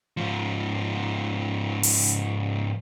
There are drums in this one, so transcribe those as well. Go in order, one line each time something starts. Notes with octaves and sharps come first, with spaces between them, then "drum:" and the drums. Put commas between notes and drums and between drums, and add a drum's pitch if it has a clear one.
G#2 F3
drum: open hi-hat